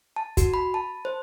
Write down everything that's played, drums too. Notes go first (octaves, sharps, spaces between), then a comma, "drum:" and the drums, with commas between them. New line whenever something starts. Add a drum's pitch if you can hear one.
A5
F#4, drum: kick, hi-hat
B5
A5
C5